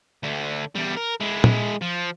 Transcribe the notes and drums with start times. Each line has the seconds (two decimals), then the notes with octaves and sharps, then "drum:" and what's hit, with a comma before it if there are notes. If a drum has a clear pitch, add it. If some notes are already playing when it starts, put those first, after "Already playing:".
0.23 D2 D3
0.76 E2 G3
0.97 A#4
1.21 G#3 E4
1.44 drum: tom A#2
1.82 F3